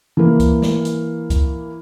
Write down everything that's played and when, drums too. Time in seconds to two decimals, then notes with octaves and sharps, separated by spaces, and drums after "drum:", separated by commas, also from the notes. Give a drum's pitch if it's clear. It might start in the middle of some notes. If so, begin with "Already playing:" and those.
0.17 E3 A#3
0.40 drum: kick C#2, hi-hat
0.62 drum: snare
0.85 drum: hi-hat
1.30 drum: kick C#2, hi-hat